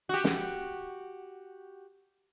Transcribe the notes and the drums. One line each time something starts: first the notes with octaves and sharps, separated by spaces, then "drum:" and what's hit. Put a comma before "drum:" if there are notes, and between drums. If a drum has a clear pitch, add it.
F#4 G4
drum: snare